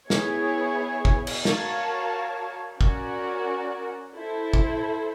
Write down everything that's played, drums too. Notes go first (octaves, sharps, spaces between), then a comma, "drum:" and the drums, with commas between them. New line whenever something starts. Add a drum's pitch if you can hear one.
B3 E4 G#4 C#5, drum: snare
drum: kick
drum: cymbal
F#4 A#4 C#5 F5 A5, drum: snare
C#4 F#4 A#4 D5 F#5, drum: kick
E4 A4 C5
drum: kick